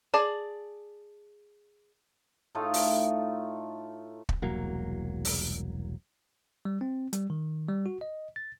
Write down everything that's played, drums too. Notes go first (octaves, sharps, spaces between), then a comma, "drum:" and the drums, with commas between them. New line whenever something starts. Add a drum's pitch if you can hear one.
G#4 D5 A5
A2 A3 D#4 F4
drum: open hi-hat
drum: kick
E1 C2 F#3 A#3
drum: open hi-hat
G3
C4
G3, drum: hi-hat
D#3
G3
F#4
D#5
A6